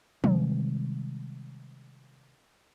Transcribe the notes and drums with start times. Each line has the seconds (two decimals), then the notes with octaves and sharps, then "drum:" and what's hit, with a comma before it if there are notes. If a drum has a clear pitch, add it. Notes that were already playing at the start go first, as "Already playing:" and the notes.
0.24 C3 D#3 G3 G#3, drum: tom